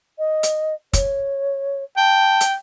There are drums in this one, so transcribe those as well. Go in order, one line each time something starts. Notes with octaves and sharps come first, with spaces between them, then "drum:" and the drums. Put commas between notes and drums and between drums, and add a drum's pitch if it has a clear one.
D#5
drum: hi-hat
C#5, drum: kick, hi-hat
G5 A5
drum: hi-hat